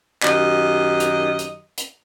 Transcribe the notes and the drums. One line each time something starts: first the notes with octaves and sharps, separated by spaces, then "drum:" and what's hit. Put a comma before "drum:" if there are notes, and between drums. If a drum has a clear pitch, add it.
F#2 D#3 G4 D#5, drum: clap
drum: hi-hat
drum: hi-hat
drum: hi-hat